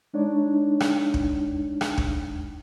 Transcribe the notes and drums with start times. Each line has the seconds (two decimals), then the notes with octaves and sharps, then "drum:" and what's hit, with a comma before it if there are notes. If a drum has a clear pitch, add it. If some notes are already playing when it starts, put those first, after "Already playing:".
0.14 G#3 D4 D#4 C#5 D5
0.80 drum: rim click
1.14 drum: kick
1.81 drum: rim click
1.98 drum: kick